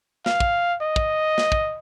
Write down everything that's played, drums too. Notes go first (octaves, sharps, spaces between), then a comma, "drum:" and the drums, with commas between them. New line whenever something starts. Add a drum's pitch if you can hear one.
F5, drum: snare
drum: kick
D#5
drum: kick
drum: snare
drum: kick